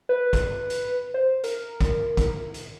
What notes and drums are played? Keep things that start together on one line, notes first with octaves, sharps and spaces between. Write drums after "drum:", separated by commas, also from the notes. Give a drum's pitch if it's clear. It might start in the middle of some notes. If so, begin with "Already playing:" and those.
B4
drum: kick, hi-hat
drum: hi-hat
C5
A#4, drum: hi-hat
drum: kick, hi-hat
drum: kick, hi-hat
drum: hi-hat